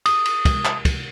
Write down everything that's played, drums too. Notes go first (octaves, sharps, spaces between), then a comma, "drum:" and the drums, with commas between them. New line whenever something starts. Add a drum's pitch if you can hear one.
D#6, drum: cymbal
drum: cymbal
drum: kick, cymbal
drum: clap
drum: kick, cymbal